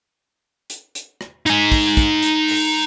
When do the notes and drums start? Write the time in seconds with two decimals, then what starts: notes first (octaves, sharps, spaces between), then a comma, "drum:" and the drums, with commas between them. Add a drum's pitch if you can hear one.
0.70 drum: hi-hat
0.95 drum: hi-hat
1.21 drum: rim click
1.46 D#4 G#5, drum: hi-hat
1.72 drum: kick, open hi-hat
1.97 drum: kick, hi-hat
2.23 drum: hi-hat
2.48 drum: open hi-hat